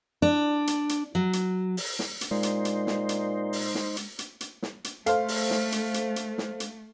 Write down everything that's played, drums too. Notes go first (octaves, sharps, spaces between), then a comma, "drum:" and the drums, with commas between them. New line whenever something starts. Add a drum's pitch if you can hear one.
D4
drum: hi-hat
drum: hi-hat
F#3
drum: hi-hat
drum: open hi-hat
drum: snare
drum: hi-hat
A#2 G#3 D#4 C5
drum: hi-hat
drum: hi-hat
drum: snare
drum: hi-hat
drum: open hi-hat
drum: snare
drum: hi-hat
drum: hi-hat
drum: hi-hat
drum: snare
drum: hi-hat
A3 A4 C5 F5, drum: hi-hat
drum: open hi-hat
drum: snare
drum: hi-hat
drum: hi-hat
drum: hi-hat
drum: snare
drum: hi-hat